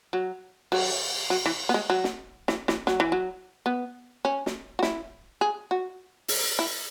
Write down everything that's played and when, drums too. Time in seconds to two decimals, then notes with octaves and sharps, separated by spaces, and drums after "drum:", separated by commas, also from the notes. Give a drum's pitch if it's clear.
0.13 F#3
0.72 F#3, drum: cymbal
1.30 F#3
1.46 E3
1.69 B3
1.74 G#3
1.90 F#3
2.04 drum: snare
2.48 E3, drum: snare
2.68 E3, drum: snare
2.87 F#3, drum: snare
3.00 E3
3.12 F#3
3.66 B3
4.25 C#4
4.46 drum: snare
4.79 F#4
4.83 E4, drum: snare
5.41 G#4
5.71 F#4
6.28 drum: open hi-hat
6.59 E4